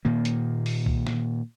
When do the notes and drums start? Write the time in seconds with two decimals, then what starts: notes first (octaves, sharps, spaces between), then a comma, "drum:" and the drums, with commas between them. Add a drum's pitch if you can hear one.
0.05 A#2 D#3 A#3
0.25 drum: hi-hat
0.66 drum: open hi-hat
0.86 drum: kick B1
1.07 drum: snare